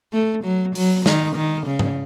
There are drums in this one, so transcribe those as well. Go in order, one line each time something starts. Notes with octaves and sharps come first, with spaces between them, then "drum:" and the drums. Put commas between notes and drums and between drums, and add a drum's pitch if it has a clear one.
A3
F#3
F#3, drum: open hi-hat
D#3, drum: snare
D#3
C#3
drum: tom G#2